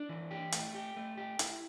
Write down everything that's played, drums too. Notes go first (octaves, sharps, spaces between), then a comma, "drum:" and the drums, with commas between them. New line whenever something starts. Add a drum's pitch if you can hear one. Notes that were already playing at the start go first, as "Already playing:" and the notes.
Already playing: D4
E3
G4
A3, drum: hi-hat
G4
A3
G4
E4, drum: hi-hat